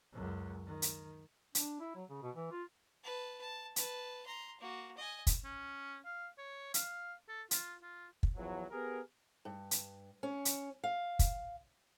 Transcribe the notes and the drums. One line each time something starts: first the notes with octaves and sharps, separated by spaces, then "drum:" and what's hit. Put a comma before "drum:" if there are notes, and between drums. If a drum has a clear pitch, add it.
C#2 F#2
D#3
drum: hi-hat
D4, drum: hi-hat
E4
F#3
C#3
B2
E3
F4
B4 A5
A5
B4 A5, drum: hi-hat
A#5 C6
A#3 F#4
D#5 G#5
drum: kick, hi-hat
C#4
F5
C#5
F5, drum: hi-hat
A4
F4, drum: hi-hat
F4
drum: kick
E2 F3 F#3
B3 G4 G#4 A#4
G2
drum: hi-hat
C#4
drum: hi-hat
F5
drum: kick, hi-hat